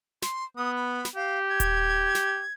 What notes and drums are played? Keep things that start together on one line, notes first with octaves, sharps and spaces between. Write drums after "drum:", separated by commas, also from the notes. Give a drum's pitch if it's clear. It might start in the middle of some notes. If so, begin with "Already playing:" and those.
C6, drum: snare
B3 D#6
B5
drum: snare
G4 F5
G#6
drum: kick D#1, hi-hat
drum: snare